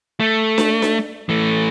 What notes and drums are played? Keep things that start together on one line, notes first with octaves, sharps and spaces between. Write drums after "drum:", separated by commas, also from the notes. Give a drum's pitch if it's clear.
A3
drum: snare D4
drum: snare D4
E3 A3